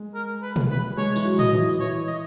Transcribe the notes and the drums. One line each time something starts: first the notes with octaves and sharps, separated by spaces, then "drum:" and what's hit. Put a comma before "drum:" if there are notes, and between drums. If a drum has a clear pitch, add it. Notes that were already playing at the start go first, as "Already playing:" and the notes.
Already playing: G#3
A#4
B4
drum: tom B2
B4
G#3 C#5
E3, drum: tambourine
F#3
D#5, drum: tom A2
E3
E3 C#5
D#5